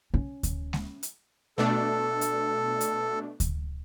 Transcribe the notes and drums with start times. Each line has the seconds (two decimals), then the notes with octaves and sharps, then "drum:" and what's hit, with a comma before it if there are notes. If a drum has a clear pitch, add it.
0.14 C#4
0.43 drum: kick D2, hi-hat
0.73 drum: snare G#3
1.03 drum: hi-hat
1.58 B2 A3 D4 A4
2.21 drum: hi-hat
2.81 drum: hi-hat
3.40 drum: kick D2, hi-hat